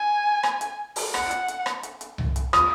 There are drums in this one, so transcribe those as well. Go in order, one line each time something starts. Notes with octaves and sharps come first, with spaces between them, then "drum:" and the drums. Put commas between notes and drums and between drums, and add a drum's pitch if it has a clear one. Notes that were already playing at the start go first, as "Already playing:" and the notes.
Already playing: G#5
drum: rim click
drum: hi-hat
drum: open hi-hat
F#5, drum: rim click
drum: hi-hat
drum: hi-hat
drum: rim click
drum: hi-hat
drum: hi-hat
drum: tom C2
drum: hi-hat
D#6, drum: rim click